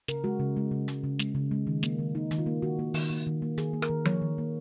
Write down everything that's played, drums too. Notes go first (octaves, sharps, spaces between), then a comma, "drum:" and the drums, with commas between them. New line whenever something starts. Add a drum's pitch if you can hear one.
C#3 A#4, drum: snare
G#3 F#4
C#3
G#3
C#3
G#3, drum: hi-hat
C#3
G#3, drum: snare
C#3
G#3
D#3
A#3, drum: snare
D#3
A#3 D#4
D#3, drum: hi-hat
F4
A#3
D#3 F#4
A#3
D#3, drum: open hi-hat
A#3
D#3
A#3
D#3 G#4, drum: hi-hat
A#3
A#4, drum: rim click
D#3
A#3 C#5, drum: tom F3
D#3
A#3